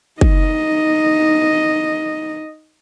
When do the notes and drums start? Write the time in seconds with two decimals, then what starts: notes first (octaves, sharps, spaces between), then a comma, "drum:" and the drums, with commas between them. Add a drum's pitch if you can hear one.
0.21 D#4 D#5, drum: kick